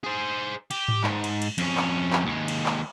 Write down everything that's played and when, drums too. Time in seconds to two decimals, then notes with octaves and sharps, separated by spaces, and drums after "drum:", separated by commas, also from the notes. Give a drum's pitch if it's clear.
0.04 G#4 C5
0.71 G4, drum: cymbal
0.88 drum: tom G#2
1.04 G#2, drum: clap
1.24 drum: cymbal
1.42 drum: cymbal
1.58 F2 C#4, drum: cymbal
1.77 drum: clap
2.13 drum: clap
2.26 D#2 G#3
2.48 drum: cymbal
2.66 drum: clap